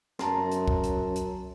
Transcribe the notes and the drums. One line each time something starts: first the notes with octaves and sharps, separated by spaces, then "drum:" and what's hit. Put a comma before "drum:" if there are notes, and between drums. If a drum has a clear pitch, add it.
F#2 A5 A#5 C6, drum: snare
drum: hi-hat
drum: kick
drum: hi-hat
drum: hi-hat